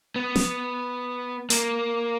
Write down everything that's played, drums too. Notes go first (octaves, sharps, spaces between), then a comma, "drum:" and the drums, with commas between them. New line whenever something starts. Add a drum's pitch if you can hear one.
B3
drum: snare
A#3, drum: hi-hat